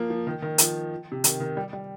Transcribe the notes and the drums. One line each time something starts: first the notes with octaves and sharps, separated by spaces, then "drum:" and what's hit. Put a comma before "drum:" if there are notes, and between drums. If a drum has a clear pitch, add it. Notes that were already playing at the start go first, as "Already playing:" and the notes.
Already playing: F3 A#3
F3
D#3
D#3
F3, drum: hi-hat
C3
D#3, drum: hi-hat
D#3
G3
G3